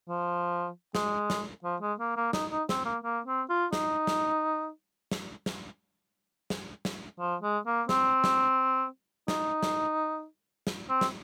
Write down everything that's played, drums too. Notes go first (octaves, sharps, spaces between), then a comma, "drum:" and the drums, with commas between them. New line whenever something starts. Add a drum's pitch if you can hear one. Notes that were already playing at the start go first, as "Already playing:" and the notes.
F3
G#3, drum: snare
drum: snare
F3
G#3
A#3
A#3
D#4, drum: snare
D#4
C4, drum: snare
A#3
A#3
C4
F4
D#4, drum: snare
drum: snare
drum: snare
drum: snare
drum: snare
drum: snare
F3
G#3
A#3
C4, drum: snare
drum: snare
D#4, drum: snare
drum: snare
drum: snare
C4
drum: snare